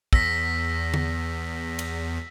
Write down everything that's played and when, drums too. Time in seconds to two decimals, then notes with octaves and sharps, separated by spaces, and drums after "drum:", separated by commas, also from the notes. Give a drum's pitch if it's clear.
0.13 E2 E6 A#6 B6, drum: kick
0.94 drum: tom D3
1.79 drum: cymbal